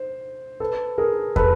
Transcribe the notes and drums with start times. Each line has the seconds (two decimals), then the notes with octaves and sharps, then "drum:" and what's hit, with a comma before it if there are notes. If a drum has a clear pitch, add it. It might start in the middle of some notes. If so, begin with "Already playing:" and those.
Already playing: C5
0.60 A4 B4
0.98 G#4 A#4
1.36 A4 B4, drum: kick